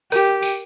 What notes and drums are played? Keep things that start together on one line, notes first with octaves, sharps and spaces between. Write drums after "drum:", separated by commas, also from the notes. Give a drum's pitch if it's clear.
G4 A#4, drum: tambourine
drum: tambourine